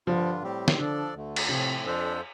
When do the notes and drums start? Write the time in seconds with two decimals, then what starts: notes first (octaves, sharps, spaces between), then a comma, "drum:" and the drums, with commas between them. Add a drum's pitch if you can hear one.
0.07 G2 D3 F3 G3 D4 F4
0.42 A2 G3 C4 G4
0.68 drum: snare
0.78 D3 F3 D4 A4 D5
1.14 D2 D3 A3
1.36 drum: cymbal
1.49 A2 C3 F3 A3 C4
1.85 F2 F3 D4 A4 C5